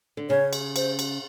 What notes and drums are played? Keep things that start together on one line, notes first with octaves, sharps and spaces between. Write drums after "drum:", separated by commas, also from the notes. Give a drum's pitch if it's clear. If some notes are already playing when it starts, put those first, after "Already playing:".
D3
C#3 C#5
drum: cymbal
C5, drum: cymbal
drum: cymbal